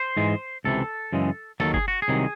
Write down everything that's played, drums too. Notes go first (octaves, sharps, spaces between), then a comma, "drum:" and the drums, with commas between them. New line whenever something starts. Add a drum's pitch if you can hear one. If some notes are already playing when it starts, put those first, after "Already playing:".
Already playing: C5
G#2 E3 G#3
C#2 C3 E3 A4
F#2 C#3 E3 G#3
D#2 D#3 F#3 A4, drum: snare
G#4, drum: kick
F#4
G#4
C2 C3 D#3 F#3